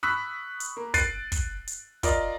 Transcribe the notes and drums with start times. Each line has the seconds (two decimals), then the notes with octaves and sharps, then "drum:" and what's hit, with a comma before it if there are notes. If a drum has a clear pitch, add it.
0.03 B5 C#6 D#6 E6 F#6 B6
0.60 drum: hi-hat
0.77 A#3
0.94 F#6 A6 C7 D7 D#7, drum: kick, hi-hat
1.32 drum: kick, hi-hat
1.67 drum: hi-hat
2.03 F4 A#4 D5 D#5, drum: kick, hi-hat